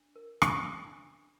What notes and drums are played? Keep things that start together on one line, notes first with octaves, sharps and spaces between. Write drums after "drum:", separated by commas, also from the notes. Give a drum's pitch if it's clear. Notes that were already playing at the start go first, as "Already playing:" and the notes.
Already playing: D4
A#4
drum: rim click
G4
D4